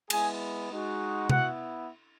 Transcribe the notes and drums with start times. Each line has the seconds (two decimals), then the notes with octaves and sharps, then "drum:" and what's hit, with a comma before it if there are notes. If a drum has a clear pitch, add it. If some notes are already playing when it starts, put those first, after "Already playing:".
0.10 G#3 B3 E4 G#4 G#5, drum: cymbal
0.71 G#3 D#4 F#4
1.30 B3 E4 F#4 F#5, drum: tom C3